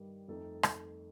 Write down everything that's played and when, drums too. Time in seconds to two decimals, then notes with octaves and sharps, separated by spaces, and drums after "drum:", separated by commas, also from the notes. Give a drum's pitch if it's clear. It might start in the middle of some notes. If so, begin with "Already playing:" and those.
Already playing: G2 D#3 G3
0.28 F2 D#3 A3 D#4 A4
0.63 drum: rim click